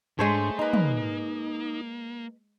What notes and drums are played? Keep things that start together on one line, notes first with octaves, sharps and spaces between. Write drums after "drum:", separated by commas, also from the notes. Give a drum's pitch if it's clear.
G#2 G#3 A3 D4 C5 C#5
A#3 D#4 B4 D#5
drum: tom